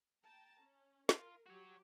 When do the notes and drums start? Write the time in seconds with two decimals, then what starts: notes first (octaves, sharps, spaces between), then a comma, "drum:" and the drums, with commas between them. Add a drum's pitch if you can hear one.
0.23 G5 A5 A#5
0.61 C#4
1.09 F4 A#4, drum: snare
1.46 F#3 F#4 G4 C#5